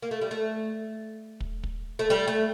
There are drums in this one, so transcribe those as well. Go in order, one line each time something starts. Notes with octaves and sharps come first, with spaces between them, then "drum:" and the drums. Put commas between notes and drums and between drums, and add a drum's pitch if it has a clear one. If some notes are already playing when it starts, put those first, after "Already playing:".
A#3
A3
G3
A3
drum: kick
drum: kick
A3
G3
A3